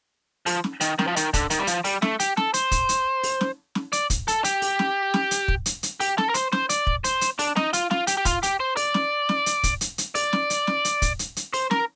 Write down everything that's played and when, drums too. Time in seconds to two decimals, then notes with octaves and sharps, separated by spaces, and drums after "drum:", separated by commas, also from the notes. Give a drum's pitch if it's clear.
0.46 F3, drum: open hi-hat
0.64 drum: snare
0.81 D#3, drum: hi-hat
0.99 D#3, drum: snare
1.07 F3
1.16 D#3, drum: hi-hat
1.34 D3, drum: kick, hi-hat
1.50 D#3, drum: hi-hat
1.59 G3
1.67 F3, drum: hi-hat
1.84 G3, drum: open hi-hat
2.02 A3, drum: snare
2.20 G4, drum: hi-hat
2.37 A4, drum: snare
2.54 C5, drum: hi-hat
2.71 drum: kick, hi-hat
2.89 drum: hi-hat
3.23 drum: open hi-hat
3.41 drum: snare
3.75 drum: snare
3.93 D5, drum: hi-hat
4.10 drum: kick, hi-hat
4.28 A4, drum: hi-hat
4.44 G4, drum: hi-hat
4.62 drum: open hi-hat
4.79 drum: snare
5.14 drum: snare
5.31 drum: hi-hat
5.48 drum: kick
5.66 drum: hi-hat
5.83 drum: hi-hat
6.00 G4, drum: open hi-hat
6.18 A4, drum: snare
6.29 A#4
6.34 C5, drum: hi-hat
6.52 C5, drum: snare
6.69 D5, drum: hi-hat
6.87 drum: kick
7.04 C5, drum: hi-hat
7.21 drum: hi-hat
7.39 D4, drum: open hi-hat
7.56 D#4, drum: snare
7.73 F4, drum: hi-hat
7.91 F4, drum: snare
8.07 G4, drum: hi-hat
8.17 G4
8.25 F4, drum: kick, hi-hat
8.43 G4, drum: hi-hat
8.60 C5
8.77 D5, drum: open hi-hat
8.94 drum: snare
9.29 drum: snare
9.46 drum: hi-hat
9.63 drum: kick, hi-hat
9.81 drum: hi-hat
9.98 drum: hi-hat
10.15 D5, drum: open hi-hat
10.33 drum: snare
10.50 drum: hi-hat
10.67 drum: snare
10.85 drum: hi-hat
11.02 drum: kick, hi-hat
11.19 drum: hi-hat
11.36 drum: hi-hat
11.53 C5, drum: open hi-hat
11.71 A#4, drum: snare